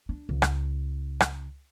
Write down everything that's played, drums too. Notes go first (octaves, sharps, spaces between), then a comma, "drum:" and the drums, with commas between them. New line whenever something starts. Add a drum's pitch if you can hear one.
D4
C#2
drum: rim click
drum: rim click